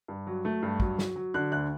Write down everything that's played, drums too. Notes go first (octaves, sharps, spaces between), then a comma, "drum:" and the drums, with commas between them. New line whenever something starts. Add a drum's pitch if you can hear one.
G2
F#3
A3
G2
F#3, drum: kick
F#3, drum: snare
F#3
D3 F#6
D2 F#6